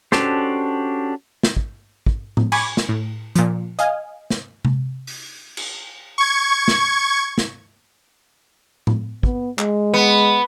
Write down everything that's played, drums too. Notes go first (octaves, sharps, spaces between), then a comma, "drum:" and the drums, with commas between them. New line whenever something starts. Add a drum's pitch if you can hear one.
C#4 D4 F#4 G4 A4 C5, drum: snare
drum: snare
drum: kick
drum: kick
drum: tom A2
G#5 B5 C#6 D6 G#6, drum: cymbal
drum: snare
A2
A#2 F3, drum: hi-hat
D#5 F5 G#5, drum: hi-hat
drum: snare
drum: tom C3
drum: open hi-hat
drum: cymbal
C#6 G#6
drum: snare
drum: snare
drum: tom A2
B3, drum: kick
G#3, drum: clap
B3